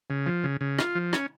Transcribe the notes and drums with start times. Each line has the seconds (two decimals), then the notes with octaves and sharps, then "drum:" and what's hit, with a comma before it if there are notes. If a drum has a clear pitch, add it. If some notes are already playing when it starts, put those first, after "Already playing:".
0.10 C#3
0.26 F3
0.44 C#3
0.61 C#3
0.79 F4, drum: rim click
0.95 F3
1.13 C#4, drum: rim click